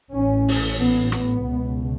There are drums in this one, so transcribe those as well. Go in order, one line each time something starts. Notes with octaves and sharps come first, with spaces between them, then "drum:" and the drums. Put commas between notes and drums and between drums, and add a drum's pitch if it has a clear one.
A1 A2 C#4
drum: open hi-hat
B3
B3, drum: rim click
C#2 B2